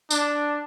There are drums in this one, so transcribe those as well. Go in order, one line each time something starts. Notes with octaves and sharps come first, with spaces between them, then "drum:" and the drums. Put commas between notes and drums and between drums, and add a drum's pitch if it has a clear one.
D4, drum: tambourine